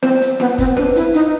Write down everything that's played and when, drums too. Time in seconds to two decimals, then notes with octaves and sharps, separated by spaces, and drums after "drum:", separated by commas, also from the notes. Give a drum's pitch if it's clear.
0.03 C4 C5, drum: snare
0.22 drum: hi-hat
0.40 B3, drum: snare
0.58 C4, drum: kick, hi-hat
0.77 D4 B4, drum: snare
0.96 E4, drum: hi-hat
1.14 D#4, drum: hi-hat